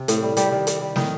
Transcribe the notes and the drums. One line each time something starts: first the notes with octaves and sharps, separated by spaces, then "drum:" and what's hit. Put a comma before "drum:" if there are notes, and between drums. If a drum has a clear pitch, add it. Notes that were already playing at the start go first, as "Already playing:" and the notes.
Already playing: C3
A2, drum: hi-hat
G3
C3 G3 G4, drum: hi-hat
D#3 G3
C3, drum: hi-hat
G3
A2 D#3 D#4, drum: snare